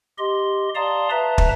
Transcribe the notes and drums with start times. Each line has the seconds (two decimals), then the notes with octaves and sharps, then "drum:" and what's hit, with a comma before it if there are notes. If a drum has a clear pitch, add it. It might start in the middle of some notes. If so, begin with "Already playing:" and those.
0.18 G4 D#5 C6
0.75 D5 F5 A5 A#5 C6 D#6
1.11 B4 E5 A5 A#5
1.38 drum: kick